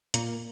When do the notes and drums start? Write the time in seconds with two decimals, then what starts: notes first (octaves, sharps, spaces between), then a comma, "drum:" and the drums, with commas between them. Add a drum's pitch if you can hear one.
0.14 A#2 A#3, drum: hi-hat